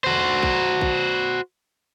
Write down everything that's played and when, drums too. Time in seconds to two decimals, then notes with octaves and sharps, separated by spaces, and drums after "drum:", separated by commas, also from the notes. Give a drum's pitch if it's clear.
0.04 F#4 C5
0.43 drum: kick
0.81 drum: kick